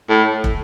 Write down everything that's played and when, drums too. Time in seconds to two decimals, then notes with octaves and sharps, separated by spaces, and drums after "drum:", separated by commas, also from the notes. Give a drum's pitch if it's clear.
0.09 A2
0.44 drum: kick